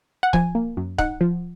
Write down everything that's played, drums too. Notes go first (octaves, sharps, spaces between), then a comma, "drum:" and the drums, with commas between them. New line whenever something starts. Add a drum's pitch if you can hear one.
F#5
F3 G#5, drum: kick C#1
A#3
F#2
D#4 F#5, drum: kick C#1
F3